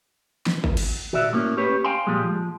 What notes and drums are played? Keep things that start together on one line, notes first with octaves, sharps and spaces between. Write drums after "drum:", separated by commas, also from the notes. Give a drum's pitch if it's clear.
drum: snare
drum: kick G#1
drum: cymbal
F#4 D5 E5, drum: tom A2
A2 A#3 C#4
C#4 G4 B4 C#5
F5 G5 G#5 C6
A#2 F3 G3 G#3
F3